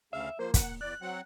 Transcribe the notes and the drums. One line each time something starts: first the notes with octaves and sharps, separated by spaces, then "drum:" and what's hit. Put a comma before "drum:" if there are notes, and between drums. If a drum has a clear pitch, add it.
D2 C#3 E5 F5
F3 A#3 C5
F#5, drum: kick, hi-hat
E2 D5 F#6
F#3 C4 F#5